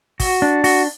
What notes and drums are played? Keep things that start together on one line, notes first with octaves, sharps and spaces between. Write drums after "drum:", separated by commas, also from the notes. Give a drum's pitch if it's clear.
F#4, drum: kick, open hi-hat
D4
F#4, drum: open hi-hat